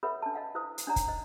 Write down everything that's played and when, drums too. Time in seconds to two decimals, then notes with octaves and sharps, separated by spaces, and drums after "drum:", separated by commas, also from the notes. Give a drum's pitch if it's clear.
0.03 A4 B4 C#5 E5 F#5 B5
0.22 D4 A5
0.34 D#5 F5 F#5
0.55 E4 B4 C5 F5 D#6
0.78 drum: hi-hat
0.87 D4 D#4 C#5 D5 F#5 A#5
0.96 drum: kick, hi-hat
1.08 C5 D#5